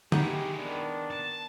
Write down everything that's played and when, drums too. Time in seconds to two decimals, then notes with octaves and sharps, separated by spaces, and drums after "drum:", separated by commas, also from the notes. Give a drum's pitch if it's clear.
0.12 G#3 D#4 E4 G4 F#5, drum: tom
0.59 D#3 B3 D4
1.10 A5